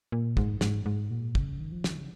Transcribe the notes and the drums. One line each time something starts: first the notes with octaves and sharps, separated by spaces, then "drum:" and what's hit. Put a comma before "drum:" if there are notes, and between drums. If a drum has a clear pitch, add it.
A#2
G#2, drum: kick
G#2, drum: snare
G#2
A#2
C#3, drum: kick
D#3
F3
D#3, drum: snare
C#3